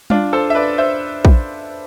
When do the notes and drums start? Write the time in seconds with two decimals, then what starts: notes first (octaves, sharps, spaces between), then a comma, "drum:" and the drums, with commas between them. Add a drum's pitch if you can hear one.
0.10 D4 F4, drum: tom G3
0.33 A4 C5
0.50 E5
0.55 B4 D5
0.78 C5 E5
1.25 drum: kick A#1